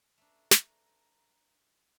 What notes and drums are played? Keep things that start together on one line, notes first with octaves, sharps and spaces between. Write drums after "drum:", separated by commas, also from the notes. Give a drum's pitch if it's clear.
A3 D4 B4 A#5
drum: snare